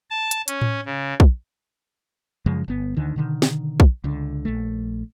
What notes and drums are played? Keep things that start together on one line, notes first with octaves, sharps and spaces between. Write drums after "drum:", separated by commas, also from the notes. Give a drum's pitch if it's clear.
A5
drum: hi-hat
C#4, drum: hi-hat
drum: tom A2
C#3
drum: kick
F#2 C#3 F3 G#3
G1 B3
D2 D3 D#3
B2 D3 D#3
drum: snare
drum: kick
C#2 D3
A#1 A3